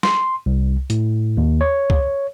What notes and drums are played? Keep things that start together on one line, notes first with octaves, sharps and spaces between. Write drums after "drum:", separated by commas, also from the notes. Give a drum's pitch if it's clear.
C6, drum: snare
C2
A2, drum: hi-hat
D#2
C#5
drum: kick C#2